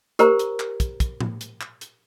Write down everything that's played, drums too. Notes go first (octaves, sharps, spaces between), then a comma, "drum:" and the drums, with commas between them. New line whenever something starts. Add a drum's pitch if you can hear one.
G4 A#4 C5 A#5, drum: hi-hat
drum: hi-hat
drum: clap
drum: kick, hi-hat
drum: kick, hi-hat
drum: tom A2
drum: hi-hat
drum: clap
drum: hi-hat